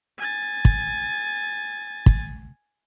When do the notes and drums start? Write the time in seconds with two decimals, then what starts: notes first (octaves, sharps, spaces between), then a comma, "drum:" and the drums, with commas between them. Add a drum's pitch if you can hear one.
0.18 G#5 A6
0.65 drum: kick
2.06 drum: kick